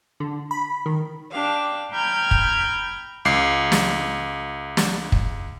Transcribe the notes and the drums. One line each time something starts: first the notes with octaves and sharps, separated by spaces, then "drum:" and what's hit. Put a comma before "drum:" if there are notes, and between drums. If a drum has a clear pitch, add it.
D3
B5
D#3
D4 G4 F5
G5 A#5 B5 F6 G6 G#6
drum: kick
C#2 C7
drum: snare
drum: snare
drum: kick